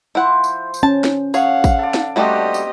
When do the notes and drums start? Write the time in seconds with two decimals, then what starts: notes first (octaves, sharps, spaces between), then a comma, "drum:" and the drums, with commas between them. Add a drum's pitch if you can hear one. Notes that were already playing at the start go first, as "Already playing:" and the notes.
0.15 F3 E4 C5 F#5
0.44 drum: tambourine
0.74 drum: tambourine
0.83 C#4 A5
1.04 drum: snare
1.34 G#4 C#5 F5 F#5, drum: tambourine
1.64 drum: kick, tambourine
1.79 A4 D5
1.94 drum: snare
2.16 G3 A3 A#3 C4 D4 F#4 G4 D#5
2.54 drum: tambourine